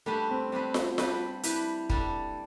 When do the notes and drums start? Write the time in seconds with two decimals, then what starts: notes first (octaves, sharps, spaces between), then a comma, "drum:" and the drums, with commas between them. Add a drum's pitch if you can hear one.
0.06 G3 A3 D4 G4 B4
0.29 C4
0.52 G3 C4 D4 G4 B4
0.74 drum: snare F4
0.98 G3 D4 G4 B4, drum: snare F4
1.43 G3 D4 E4 G4 B4, drum: hi-hat
1.90 G3 D4 A4, drum: kick